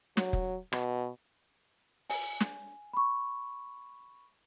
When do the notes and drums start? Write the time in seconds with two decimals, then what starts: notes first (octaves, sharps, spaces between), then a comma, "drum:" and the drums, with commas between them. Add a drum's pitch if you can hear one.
0.17 F#3, drum: snare
0.33 drum: kick
0.72 B2, drum: rim click
2.10 G#5, drum: open hi-hat
2.40 drum: snare
2.93 B5 C#6